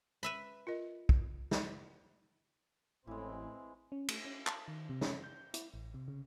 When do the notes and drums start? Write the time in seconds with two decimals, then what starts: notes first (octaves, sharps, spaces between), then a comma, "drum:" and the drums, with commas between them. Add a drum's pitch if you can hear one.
0.23 B4 E5 B5
0.67 F4 A#4 D#5
1.09 drum: kick
1.51 drum: snare
3.07 A1 A2 E3 G#3 C4 E4
3.92 C#4
4.08 A3, drum: cymbal
4.25 C#4
4.47 A5, drum: clap
4.68 D#3
4.89 C3
5.01 C#4, drum: snare
5.24 G6
5.54 E4, drum: hi-hat
5.74 A1
5.94 C3
6.08 C#3